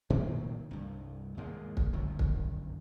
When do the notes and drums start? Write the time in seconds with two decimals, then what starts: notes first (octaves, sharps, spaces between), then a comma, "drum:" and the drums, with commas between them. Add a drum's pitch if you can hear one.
0.10 A#2 D#3 F#3 C4
0.71 C2 G2
1.37 D#2 G#2 G#3 A#3
1.77 drum: kick
1.93 G1 F#2 D#3
2.19 drum: kick